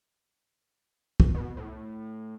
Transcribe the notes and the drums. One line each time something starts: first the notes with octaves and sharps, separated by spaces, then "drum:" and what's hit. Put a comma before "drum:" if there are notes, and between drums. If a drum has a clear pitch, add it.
drum: kick
B2
A2